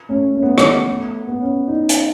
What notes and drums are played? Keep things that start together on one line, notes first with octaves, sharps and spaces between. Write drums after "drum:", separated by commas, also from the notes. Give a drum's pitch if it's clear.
A3 C#4
A3 C#4
B3
B3, drum: rim click
B3
C#4
D#4
drum: hi-hat